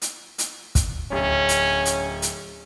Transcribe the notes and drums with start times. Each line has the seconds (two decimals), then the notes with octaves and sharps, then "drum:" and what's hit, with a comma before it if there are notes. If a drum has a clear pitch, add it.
0.02 drum: hi-hat
0.38 drum: hi-hat
0.75 drum: kick, hi-hat
1.12 D1 C#4
1.49 drum: hi-hat
1.85 drum: hi-hat
2.22 drum: hi-hat